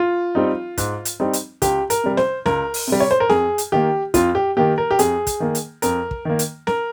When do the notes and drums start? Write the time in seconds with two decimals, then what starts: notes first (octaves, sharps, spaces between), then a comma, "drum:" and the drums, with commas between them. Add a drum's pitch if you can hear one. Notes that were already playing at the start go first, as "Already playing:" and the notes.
Already playing: F4
0.35 G3 C4 D#4
0.78 G#2, drum: kick, hi-hat
1.05 drum: hi-hat
1.20 G3 C4 D#4
1.33 drum: hi-hat
1.62 C#2 G4, drum: kick, hi-hat
1.90 A#4, drum: hi-hat
2.04 C3 G3
2.17 C5, drum: snare
2.46 C#2 A#4, drum: snare
2.74 drum: open hi-hat
2.87 C3 G3
3.00 C#5
3.11 C5
3.20 A#4
3.29 F2 G#4, drum: snare
3.58 drum: hi-hat
3.72 D#3 A#3 G4
4.14 F2 F4, drum: kick, hi-hat
4.35 G4
4.57 D#3 A#3 G4
4.78 A#4
4.91 G4
4.99 F2 G#4, drum: hi-hat
5.27 drum: kick, hi-hat
5.40 D#3 A#3
5.55 drum: hi-hat
5.82 F2 A#4, drum: hi-hat
6.11 drum: kick
6.25 D#3 A#3
6.39 drum: hi-hat
6.67 A#4, drum: snare